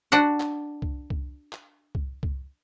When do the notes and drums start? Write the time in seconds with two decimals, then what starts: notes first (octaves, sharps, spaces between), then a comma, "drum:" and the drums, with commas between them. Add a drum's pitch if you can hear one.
0.12 D4 F#4 F#5
0.40 drum: clap
0.82 drum: kick C2
1.10 drum: kick C2
1.53 drum: clap
1.95 drum: kick C2
2.23 drum: kick C2